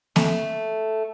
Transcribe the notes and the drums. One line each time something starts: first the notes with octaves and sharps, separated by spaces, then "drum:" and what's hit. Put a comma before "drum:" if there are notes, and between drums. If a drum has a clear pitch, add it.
A3, drum: snare A#3